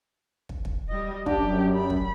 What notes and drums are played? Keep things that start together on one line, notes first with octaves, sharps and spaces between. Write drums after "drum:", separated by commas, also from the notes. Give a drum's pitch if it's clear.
drum: kick
drum: kick
G3 D#5
F#2 D4 G4, drum: kick
B5
drum: kick